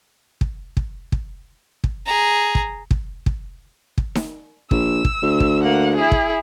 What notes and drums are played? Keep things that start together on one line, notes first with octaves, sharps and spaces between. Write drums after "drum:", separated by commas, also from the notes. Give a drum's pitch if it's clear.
drum: kick
drum: kick
drum: kick
drum: kick
G#4 A#5
drum: kick
drum: kick
drum: kick
drum: kick
drum: snare D#4
A#1 E6, drum: kick
drum: kick
D2
drum: kick
A#3 F#5
E4 G#4
drum: kick